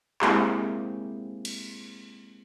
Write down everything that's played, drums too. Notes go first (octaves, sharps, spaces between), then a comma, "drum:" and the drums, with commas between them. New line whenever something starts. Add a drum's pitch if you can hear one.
G#3 A#3 C4 E4 G4 G#4, drum: clap
drum: cymbal